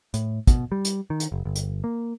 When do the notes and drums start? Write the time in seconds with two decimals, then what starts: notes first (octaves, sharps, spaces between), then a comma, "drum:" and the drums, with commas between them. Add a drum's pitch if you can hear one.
0.14 A2, drum: hi-hat
0.47 B2, drum: kick, hi-hat
0.72 G3
0.85 drum: hi-hat
1.10 D#3
1.20 drum: hi-hat
1.32 F#1
1.45 G1
1.56 drum: hi-hat
1.84 A#3